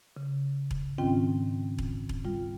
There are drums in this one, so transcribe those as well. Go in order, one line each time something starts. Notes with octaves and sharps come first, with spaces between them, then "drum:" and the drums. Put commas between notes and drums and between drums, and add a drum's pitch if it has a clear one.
C#3
drum: kick E1
G#2 D#3 C4 C#4 F4 G5
drum: kick E1
drum: kick E1
G3 F4